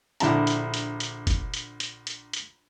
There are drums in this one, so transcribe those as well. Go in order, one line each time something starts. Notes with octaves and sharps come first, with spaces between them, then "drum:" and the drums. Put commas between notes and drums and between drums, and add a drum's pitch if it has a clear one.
A#1 D3 E4 A5 A#5, drum: hi-hat
drum: hi-hat
drum: hi-hat
drum: hi-hat
drum: kick F#1, hi-hat
drum: hi-hat
drum: hi-hat
drum: hi-hat
drum: hi-hat